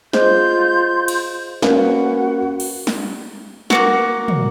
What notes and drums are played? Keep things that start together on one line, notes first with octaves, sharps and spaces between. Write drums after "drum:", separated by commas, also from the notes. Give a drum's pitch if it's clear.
F4 G#4 C5 D#5 C6 G6, drum: snare
drum: cymbal
A#3 C#4 F#4 B4, drum: snare
drum: cymbal
drum: snare
A#3 B3 F#4, drum: snare
drum: tom